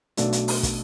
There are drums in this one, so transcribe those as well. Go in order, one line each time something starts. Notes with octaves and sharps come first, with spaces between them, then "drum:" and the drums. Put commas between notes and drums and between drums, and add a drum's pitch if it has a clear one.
B1 B2 A3 D4 F#4, drum: hi-hat
drum: hi-hat
drum: open hi-hat
drum: kick, hi-hat